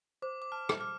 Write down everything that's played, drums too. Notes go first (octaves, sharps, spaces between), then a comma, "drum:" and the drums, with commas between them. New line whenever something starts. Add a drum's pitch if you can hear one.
C5 D6
D6
A5 F6
drum: rim click
D6 F6